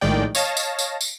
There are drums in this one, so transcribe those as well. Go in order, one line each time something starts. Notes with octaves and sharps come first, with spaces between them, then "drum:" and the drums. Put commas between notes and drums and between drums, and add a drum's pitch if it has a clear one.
A#1 A2 D#3 G#3 D5 G5
C#5 D#5 F5 A5 A#6, drum: tambourine
drum: tambourine
drum: tambourine
drum: tambourine